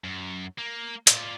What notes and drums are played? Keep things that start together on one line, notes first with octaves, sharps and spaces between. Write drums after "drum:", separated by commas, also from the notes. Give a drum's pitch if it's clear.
F#2
A#3
F4 D5, drum: hi-hat